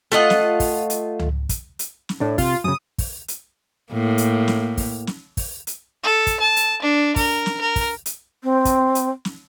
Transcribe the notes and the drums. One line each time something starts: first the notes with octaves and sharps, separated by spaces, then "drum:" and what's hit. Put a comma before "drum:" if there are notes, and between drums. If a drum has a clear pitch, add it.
A3 F4 D#5 F#5
drum: snare
drum: kick, open hi-hat
drum: hi-hat
drum: tom C#2
drum: kick, hi-hat
drum: hi-hat
drum: snare
A2 D4
C3 F4, drum: kick, open hi-hat
F#2 C#3 D#6
drum: kick, open hi-hat
drum: hi-hat
A2 A#3
drum: hi-hat
drum: snare
drum: kick, open hi-hat
drum: snare
drum: kick, open hi-hat
drum: hi-hat
A4
drum: kick, hi-hat
A5
drum: hi-hat
D4
A#4, drum: kick, open hi-hat
drum: snare
A#4
drum: kick, open hi-hat
drum: hi-hat
C4
drum: kick, hi-hat
drum: hi-hat
drum: snare